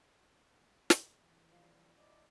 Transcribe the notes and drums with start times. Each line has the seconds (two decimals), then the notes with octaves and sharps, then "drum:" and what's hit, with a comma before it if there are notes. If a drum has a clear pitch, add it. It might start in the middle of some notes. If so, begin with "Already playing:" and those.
0.90 drum: snare
1.22 E3
1.52 F3 G3 F5
1.97 E4 D5 D#5